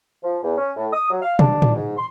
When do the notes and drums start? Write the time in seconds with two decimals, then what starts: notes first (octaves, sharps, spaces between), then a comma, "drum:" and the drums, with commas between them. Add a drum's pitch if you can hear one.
0.23 F3
0.43 E2
0.58 C#4
0.76 A2
0.93 D#6
1.10 F#3
1.22 F5
1.39 D4, drum: tom
1.62 drum: tom A2
1.74 G#2
1.96 C6